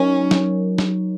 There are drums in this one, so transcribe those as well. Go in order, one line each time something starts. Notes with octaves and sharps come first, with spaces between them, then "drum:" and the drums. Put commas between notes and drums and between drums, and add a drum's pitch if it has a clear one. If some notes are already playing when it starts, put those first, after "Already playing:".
Already playing: F#3 C#4 D#4 A#4 C#5
drum: snare
drum: snare